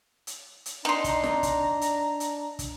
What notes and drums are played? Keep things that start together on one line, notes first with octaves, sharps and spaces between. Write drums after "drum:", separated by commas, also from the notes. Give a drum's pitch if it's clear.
drum: hi-hat
drum: hi-hat
D4 D#4 A#5 C6
drum: kick, hi-hat
drum: snare
drum: kick, hi-hat
drum: hi-hat
drum: hi-hat
drum: kick, hi-hat